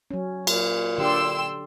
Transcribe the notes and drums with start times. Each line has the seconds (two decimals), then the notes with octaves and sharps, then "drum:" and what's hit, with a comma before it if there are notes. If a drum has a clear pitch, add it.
0.11 F#3 C#4
0.47 A#2, drum: cymbal
0.98 D3 G4 D5 G5 C6 E6